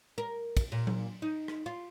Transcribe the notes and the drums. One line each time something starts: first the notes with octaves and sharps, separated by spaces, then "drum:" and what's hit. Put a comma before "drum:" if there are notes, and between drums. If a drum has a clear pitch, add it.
A#4
drum: kick, cymbal
A#2
drum: tom F#3
D#4
drum: rim click
F4